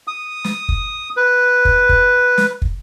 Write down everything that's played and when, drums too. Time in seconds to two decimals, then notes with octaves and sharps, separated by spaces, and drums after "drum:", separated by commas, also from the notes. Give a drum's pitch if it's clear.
0.07 D#6
0.44 drum: snare
0.69 drum: kick
1.17 B4
1.65 drum: kick
1.89 drum: kick
2.38 drum: snare
2.62 drum: kick